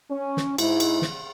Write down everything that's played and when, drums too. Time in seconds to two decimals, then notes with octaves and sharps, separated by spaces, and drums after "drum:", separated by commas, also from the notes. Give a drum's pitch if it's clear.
0.11 C#4
0.37 drum: snare
0.58 G#2 E4, drum: cymbal
0.80 drum: cymbal
1.02 drum: snare